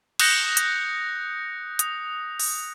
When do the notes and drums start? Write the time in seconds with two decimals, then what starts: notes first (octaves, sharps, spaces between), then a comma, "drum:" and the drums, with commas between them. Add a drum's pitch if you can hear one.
0.19 D#6 F#6 G6 A#6 C#7, drum: cymbal
0.57 drum: hi-hat
1.79 D#6, drum: hi-hat
2.40 drum: open hi-hat